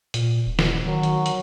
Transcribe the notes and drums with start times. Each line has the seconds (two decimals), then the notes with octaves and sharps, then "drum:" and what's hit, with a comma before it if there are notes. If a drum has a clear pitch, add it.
0.14 A#2, drum: hi-hat
0.46 D#1
0.59 drum: snare
0.86 D#3 F#3
1.03 drum: hi-hat
1.26 drum: hi-hat